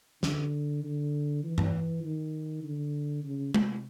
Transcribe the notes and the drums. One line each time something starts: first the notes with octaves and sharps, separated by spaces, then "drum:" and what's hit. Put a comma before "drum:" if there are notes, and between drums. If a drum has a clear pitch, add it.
D3, drum: snare
D3
E3
drum: tom G2
D#3
D3
C#3
C3, drum: tom G#3